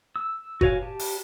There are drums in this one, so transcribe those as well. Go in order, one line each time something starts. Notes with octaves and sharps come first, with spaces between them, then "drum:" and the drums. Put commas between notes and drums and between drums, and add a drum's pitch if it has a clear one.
E6
F#4 B4 C#5 F5 G#5, drum: kick F#1
G4 A5
drum: open hi-hat